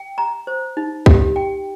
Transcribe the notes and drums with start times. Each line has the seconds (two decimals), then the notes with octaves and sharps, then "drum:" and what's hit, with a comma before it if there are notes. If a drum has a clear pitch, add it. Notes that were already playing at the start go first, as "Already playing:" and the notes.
Already playing: G5
0.18 A#5
0.47 C5
0.77 D#4
1.06 G4, drum: kick
1.36 G5